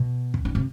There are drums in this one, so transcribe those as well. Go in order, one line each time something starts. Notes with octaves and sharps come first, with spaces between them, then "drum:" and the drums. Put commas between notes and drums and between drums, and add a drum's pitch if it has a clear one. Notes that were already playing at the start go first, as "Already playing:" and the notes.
Already playing: B2
drum: kick
D3
C3